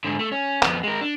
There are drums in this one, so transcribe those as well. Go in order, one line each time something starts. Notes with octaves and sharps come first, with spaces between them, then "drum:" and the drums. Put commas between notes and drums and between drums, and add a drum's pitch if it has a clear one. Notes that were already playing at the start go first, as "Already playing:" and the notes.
G#2 D3
A3
C#4
F2 B3, drum: clap
G#3 A#4
D4